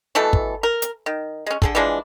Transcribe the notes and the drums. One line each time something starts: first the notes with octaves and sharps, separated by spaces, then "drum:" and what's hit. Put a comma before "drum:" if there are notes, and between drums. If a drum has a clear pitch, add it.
B2 E3 A3 A4
drum: kick
A#4
drum: hi-hat
D#3
G#3 C#4
D3 G#4 A4, drum: kick
E3 F3 G#3 D4